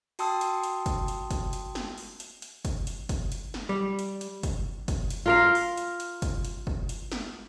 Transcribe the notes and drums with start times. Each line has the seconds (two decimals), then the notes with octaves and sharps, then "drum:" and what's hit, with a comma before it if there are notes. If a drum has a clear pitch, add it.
0.19 F#4 G5 A5 C6 D#6 E6, drum: open hi-hat
0.41 drum: hi-hat
0.64 drum: hi-hat
0.86 drum: kick, hi-hat
1.08 drum: hi-hat
1.31 drum: kick, hi-hat
1.53 drum: hi-hat
1.75 drum: snare
1.98 drum: open hi-hat
2.20 drum: hi-hat
2.42 drum: hi-hat
2.65 drum: kick, hi-hat
2.87 drum: hi-hat
3.09 drum: kick, hi-hat
3.32 drum: hi-hat
3.54 drum: snare
3.69 G3
3.99 drum: hi-hat
4.21 drum: hi-hat
4.43 drum: kick, hi-hat
4.88 drum: kick, hi-hat
5.10 drum: hi-hat
5.26 F4 A#4 F5
5.55 drum: open hi-hat
5.77 drum: hi-hat
6.00 drum: hi-hat
6.22 drum: kick, hi-hat
6.45 drum: hi-hat
6.67 drum: kick
6.89 drum: hi-hat
7.12 drum: snare